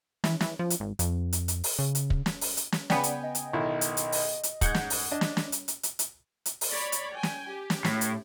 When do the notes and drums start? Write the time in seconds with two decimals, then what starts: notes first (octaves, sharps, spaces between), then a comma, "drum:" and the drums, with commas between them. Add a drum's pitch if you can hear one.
0.24 E3, drum: snare
0.41 E3, drum: snare
0.59 F3
0.70 drum: hi-hat
0.80 G#1
0.99 F2, drum: hi-hat
1.33 drum: hi-hat
1.48 drum: hi-hat
1.64 drum: open hi-hat
1.79 C#3
1.95 drum: hi-hat
2.10 drum: kick
2.26 drum: snare
2.41 drum: open hi-hat
2.57 drum: hi-hat
2.72 drum: snare
2.90 C#3 B3 D5 G5 G#5, drum: snare
3.04 drum: hi-hat
3.24 D#5
3.35 drum: hi-hat
3.53 B1 D#3 E4
3.81 drum: hi-hat
3.97 drum: hi-hat
4.12 drum: open hi-hat
4.43 drum: hi-hat
4.61 G#2 F#5 G6 G#6, drum: kick, hi-hat
4.75 drum: snare
4.90 drum: open hi-hat
5.11 D4 D#5
5.21 drum: snare
5.37 drum: snare
5.52 drum: hi-hat
5.68 drum: hi-hat
5.83 drum: hi-hat
5.99 drum: hi-hat
6.46 drum: hi-hat
6.61 drum: open hi-hat
6.72 C#5 D5 B5
6.92 drum: hi-hat
7.13 G5 G#5
7.23 drum: snare
7.48 G4
7.70 drum: snare
7.85 A2, drum: snare
8.01 drum: hi-hat